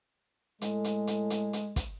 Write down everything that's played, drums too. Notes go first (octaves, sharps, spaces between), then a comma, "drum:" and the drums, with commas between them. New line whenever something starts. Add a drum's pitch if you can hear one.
A2 G#3 A4, drum: hi-hat
drum: hi-hat
drum: hi-hat
drum: hi-hat
drum: hi-hat
drum: kick, hi-hat